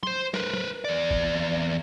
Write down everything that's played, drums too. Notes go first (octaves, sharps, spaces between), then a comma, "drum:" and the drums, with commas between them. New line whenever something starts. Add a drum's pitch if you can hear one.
C5 C6, drum: tom
A#4 B4, drum: snare
drum: tom
E2 D5
drum: kick